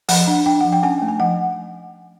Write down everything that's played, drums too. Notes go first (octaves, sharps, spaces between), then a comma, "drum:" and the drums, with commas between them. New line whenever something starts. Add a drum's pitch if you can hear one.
F3 F#5, drum: open hi-hat
D4
D4 G5
F3 F#5
G5
C#4 G#5
A3 G5
G#5
F3 F#5